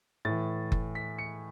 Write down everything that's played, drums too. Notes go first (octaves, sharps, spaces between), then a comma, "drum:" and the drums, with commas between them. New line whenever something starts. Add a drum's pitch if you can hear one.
A2 E3 A6
drum: kick F#1
B6
C#7